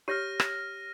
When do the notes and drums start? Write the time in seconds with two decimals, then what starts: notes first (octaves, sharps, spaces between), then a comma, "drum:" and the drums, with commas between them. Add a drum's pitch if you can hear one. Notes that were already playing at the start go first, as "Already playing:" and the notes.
0.08 G4 C#5 F6 A#6 D#7
0.40 drum: rim click